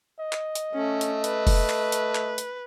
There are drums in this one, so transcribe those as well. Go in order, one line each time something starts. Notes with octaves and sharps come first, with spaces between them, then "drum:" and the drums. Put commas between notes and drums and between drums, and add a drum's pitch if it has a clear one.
D#5
drum: clap
drum: hi-hat
A3 C#4
drum: hi-hat
B4, drum: hi-hat
drum: kick F1, open hi-hat
drum: clap
drum: hi-hat
drum: clap
drum: hi-hat